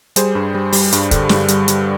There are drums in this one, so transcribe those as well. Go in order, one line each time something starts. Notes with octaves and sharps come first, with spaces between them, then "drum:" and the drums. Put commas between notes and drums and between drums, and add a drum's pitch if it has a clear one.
G3 G#4 C5, drum: hi-hat
G2
G3
G3, drum: open hi-hat
G2, drum: hi-hat
D3, drum: kick, hi-hat
G2, drum: snare
G3, drum: hi-hat
G3, drum: hi-hat